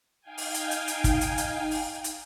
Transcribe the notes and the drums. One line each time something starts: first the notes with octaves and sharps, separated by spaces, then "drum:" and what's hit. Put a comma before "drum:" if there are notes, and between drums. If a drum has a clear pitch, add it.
D#4 F5 G5 G#5
drum: open hi-hat
drum: hi-hat
drum: hi-hat
drum: hi-hat
drum: kick, hi-hat
drum: hi-hat
drum: hi-hat
drum: open hi-hat
drum: hi-hat